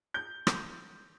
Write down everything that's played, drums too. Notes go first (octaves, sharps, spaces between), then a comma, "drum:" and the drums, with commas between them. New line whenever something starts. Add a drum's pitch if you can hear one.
G6
drum: rim click